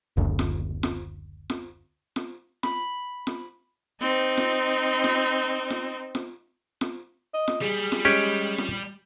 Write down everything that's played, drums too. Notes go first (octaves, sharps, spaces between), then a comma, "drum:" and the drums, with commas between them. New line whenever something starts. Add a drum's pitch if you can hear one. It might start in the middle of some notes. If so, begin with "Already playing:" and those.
F#1 D2
drum: snare F4
drum: snare F4
drum: snare F4
drum: snare F4
B5, drum: snare F4
drum: snare F4
C4 D#4
drum: snare F4
drum: snare F4
drum: snare F4
drum: snare F4
drum: snare F4
D#5
drum: snare F4
G3 G#4
drum: snare F4
G#3 C#4 G4
drum: snare F4